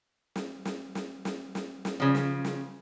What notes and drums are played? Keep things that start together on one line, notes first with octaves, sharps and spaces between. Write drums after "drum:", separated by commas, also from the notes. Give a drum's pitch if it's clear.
drum: snare
drum: snare
drum: snare
drum: snare
drum: snare
drum: snare
C#3 F3
drum: snare
drum: snare